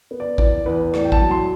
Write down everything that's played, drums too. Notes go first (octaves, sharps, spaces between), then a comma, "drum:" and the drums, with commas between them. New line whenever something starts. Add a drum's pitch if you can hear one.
B3
D5
E2 D5, drum: kick
E2 B4
A2 D5, drum: rim click
G5
A5, drum: kick
F#3
C6